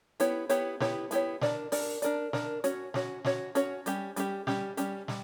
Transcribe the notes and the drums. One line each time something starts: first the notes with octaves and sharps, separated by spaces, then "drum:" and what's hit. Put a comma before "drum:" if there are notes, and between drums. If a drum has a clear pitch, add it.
B3 E4 G4 C#5, drum: hi-hat
B3 E4 G4 C#5, drum: hi-hat
B3 E4 G4 C#5, drum: snare
B3 E4 G4 C#5, drum: hi-hat
D4 A#4 D5, drum: snare
D4 A#4 D5, drum: open hi-hat
D4 A#4 D5, drum: hi-hat
D4 A#4 D5, drum: snare
C#4 F#4 C#5, drum: hi-hat
C#4 F#4 C#5, drum: snare
C#4 F#4 C#5, drum: snare
C#4 F#4 C#5, drum: hi-hat
G3 C#4 G4, drum: hi-hat
G3 C#4 G4, drum: hi-hat
G3 C#4 G4, drum: snare
G3 C#4 G4, drum: hi-hat
G3, drum: snare